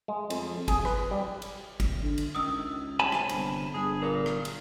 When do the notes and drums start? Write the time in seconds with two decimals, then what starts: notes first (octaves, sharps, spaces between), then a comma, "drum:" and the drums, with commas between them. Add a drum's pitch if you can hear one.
0.08 G#3
0.30 F2, drum: cymbal
0.68 G#4, drum: kick G#1, cymbal
0.85 B4, drum: rim click
1.11 G3
1.42 drum: cymbal
1.80 drum: kick G#1, cymbal
2.03 D3
2.18 drum: cymbal
2.35 C#2 D#3 D#6 E6
3.00 C3 C#5 G#5 A5 B5
3.12 drum: rim click
3.29 G1, drum: cymbal
3.74 G1 G#4
4.02 A#2 A#4
4.26 drum: rim click
4.45 drum: cymbal